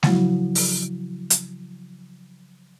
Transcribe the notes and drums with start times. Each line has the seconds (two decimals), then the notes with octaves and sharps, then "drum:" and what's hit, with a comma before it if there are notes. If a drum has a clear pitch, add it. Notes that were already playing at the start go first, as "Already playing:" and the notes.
0.03 C#3 F3 F#3 E4 F#4, drum: snare G#3
0.55 drum: open hi-hat
1.30 drum: hi-hat